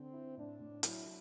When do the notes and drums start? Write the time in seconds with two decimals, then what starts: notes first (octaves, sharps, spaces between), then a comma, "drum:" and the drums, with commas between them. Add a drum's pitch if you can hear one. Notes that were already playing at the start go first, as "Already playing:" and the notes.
Already playing: D3 C4
0.14 E4
0.37 A2 D4
0.60 A2
0.83 F#3 E4, drum: hi-hat
1.06 F#3